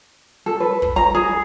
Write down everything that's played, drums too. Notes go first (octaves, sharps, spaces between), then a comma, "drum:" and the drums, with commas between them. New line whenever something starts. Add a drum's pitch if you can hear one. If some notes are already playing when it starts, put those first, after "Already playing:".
A4
B4
drum: kick
A#5
G#4